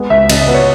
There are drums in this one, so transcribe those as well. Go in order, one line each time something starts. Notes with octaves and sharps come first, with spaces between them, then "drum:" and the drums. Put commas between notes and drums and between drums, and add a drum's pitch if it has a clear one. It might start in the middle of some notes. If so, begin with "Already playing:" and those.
Already playing: G#3 B3
C#2 E5
C#3 D#5, drum: cymbal
D#5
B3
C#5